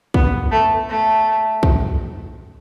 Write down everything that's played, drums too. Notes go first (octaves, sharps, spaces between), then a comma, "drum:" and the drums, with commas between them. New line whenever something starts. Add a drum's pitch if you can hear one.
B3, drum: kick
A3
A3
drum: kick